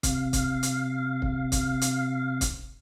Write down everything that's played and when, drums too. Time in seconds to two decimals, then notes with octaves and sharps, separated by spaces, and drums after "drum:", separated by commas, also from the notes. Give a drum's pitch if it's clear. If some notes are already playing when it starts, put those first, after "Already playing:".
0.03 C3 F5, drum: kick C#1, hi-hat
0.33 drum: kick C#1, hi-hat
0.63 drum: hi-hat
1.22 drum: kick C#1
1.52 drum: kick C#1, hi-hat
1.81 drum: hi-hat
2.41 drum: kick C#1, hi-hat